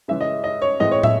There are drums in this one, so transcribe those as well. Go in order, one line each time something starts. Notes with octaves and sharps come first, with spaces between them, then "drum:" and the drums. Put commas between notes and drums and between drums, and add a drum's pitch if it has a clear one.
C#3 E3 G#3 E5
D#5
D#5
C#5
A2 E3 G#3 C4 D#5
C#5
E5, drum: tom